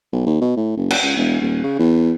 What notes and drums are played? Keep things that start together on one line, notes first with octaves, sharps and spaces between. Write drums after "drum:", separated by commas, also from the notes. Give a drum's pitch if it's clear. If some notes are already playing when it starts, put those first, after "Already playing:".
B1
D#2
B2
A2
F#1
drum: cymbal
C#2
E1
D#1
C#3
E2